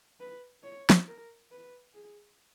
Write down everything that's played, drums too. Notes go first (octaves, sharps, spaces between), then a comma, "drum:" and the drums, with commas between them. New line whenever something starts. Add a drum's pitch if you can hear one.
B4
C#5
drum: snare
A#4
B4
G#4